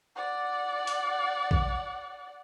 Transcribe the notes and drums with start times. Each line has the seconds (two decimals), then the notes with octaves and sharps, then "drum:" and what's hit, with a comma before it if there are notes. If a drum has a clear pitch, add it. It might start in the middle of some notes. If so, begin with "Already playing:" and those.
0.16 D5 F#5
0.87 drum: hi-hat
1.51 drum: kick A#1